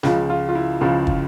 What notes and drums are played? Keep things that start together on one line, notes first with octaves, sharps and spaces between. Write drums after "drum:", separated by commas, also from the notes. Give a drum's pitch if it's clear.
C#2 C#3 F3, drum: snare
F4
F4
E4
C#2 C#3 F3 F4
drum: kick